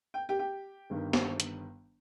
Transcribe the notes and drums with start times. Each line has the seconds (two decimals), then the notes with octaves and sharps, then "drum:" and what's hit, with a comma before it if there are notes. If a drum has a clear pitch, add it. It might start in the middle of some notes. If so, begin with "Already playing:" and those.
0.14 G5
0.29 G4 G5
0.39 G4 G5
0.90 G1 G2 D#3
1.13 drum: snare
1.40 drum: hi-hat